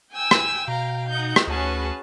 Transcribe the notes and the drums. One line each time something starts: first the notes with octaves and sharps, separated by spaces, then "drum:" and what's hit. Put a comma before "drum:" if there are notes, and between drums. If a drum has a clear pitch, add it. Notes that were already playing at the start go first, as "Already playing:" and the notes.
G5 G#5 E6
drum: rim click
B2 F5 A#5
D#4 F#5 G6
drum: rim click
D2 C#4 F#4 G#4 B4 A5